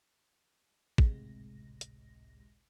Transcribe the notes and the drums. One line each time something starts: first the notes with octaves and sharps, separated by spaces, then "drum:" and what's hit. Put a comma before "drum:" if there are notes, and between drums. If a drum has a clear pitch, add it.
G#1 C#2 A2 C3 G#3 A#6, drum: kick
drum: hi-hat